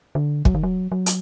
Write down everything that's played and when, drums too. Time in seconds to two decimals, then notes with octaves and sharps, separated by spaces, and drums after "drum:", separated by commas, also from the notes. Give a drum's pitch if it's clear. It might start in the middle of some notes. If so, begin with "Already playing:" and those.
0.15 D3
0.45 F#3, drum: kick
0.55 D#3
0.63 F#3
0.92 F#3
1.06 drum: hi-hat